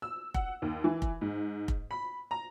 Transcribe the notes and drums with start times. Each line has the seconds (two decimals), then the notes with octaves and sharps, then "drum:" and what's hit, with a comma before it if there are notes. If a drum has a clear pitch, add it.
0.02 E6
0.34 F#5, drum: kick F1
0.62 D#2
0.84 E3
1.02 drum: kick F1
1.21 G#2
1.68 drum: kick F1
1.91 B5
2.31 A#5